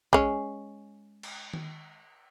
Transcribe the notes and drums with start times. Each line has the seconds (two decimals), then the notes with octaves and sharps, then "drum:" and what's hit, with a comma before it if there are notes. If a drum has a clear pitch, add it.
0.13 G#3 C#4, drum: kick A#1
1.23 drum: cymbal
1.54 drum: tom D#3